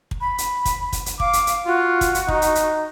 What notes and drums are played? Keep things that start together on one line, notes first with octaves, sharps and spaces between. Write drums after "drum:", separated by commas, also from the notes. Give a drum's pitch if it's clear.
drum: kick
B5
drum: hi-hat
drum: kick, hi-hat
drum: kick, hi-hat
drum: hi-hat
F5 D6, drum: kick
drum: hi-hat
drum: hi-hat
F4 F#4
drum: kick, hi-hat
drum: hi-hat
D#4, drum: kick
drum: hi-hat
drum: hi-hat